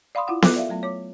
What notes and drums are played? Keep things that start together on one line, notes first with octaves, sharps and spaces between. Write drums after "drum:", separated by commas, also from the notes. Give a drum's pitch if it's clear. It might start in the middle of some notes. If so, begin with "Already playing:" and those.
D5 F5 B5 C6 D#6
E4 F4 F#5 D#6
F4 A4 D6 F#6, drum: snare B3
D5 E5 F5
F#3 A3 B3
C#5 D6